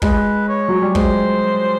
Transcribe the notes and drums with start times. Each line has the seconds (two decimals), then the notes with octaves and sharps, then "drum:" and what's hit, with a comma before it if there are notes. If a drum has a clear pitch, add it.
0.02 G#3 B4, drum: kick
0.49 C#5
0.68 F#3
0.82 G3
0.95 G#3 C5, drum: kick